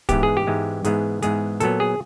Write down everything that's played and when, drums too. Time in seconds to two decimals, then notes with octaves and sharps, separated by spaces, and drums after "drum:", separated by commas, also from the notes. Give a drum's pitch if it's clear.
0.09 G#2 E3 G#3 B3 G4, drum: kick, hi-hat
0.23 G#4
0.37 G4
0.47 G#2 E3 G#3 B3
0.84 G#2 E3 G#3 B3 G#4, drum: hi-hat
1.22 G#2 E3 G#3 B3 G#4, drum: hi-hat
1.60 A#2 F#3 B3 A4, drum: hi-hat
1.80 G#4